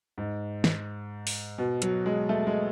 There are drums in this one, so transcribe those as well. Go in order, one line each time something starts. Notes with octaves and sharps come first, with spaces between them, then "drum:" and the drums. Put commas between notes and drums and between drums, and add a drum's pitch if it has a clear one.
G#2
drum: snare
drum: open hi-hat
B2
F#3, drum: hi-hat
G#3
A3
G#3